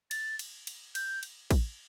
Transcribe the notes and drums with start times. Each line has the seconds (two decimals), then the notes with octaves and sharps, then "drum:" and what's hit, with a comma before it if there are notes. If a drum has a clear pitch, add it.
0.11 A6, drum: cymbal
0.39 drum: cymbal
0.67 drum: cymbal
0.95 G6, drum: cymbal
1.23 drum: cymbal
1.51 drum: kick, cymbal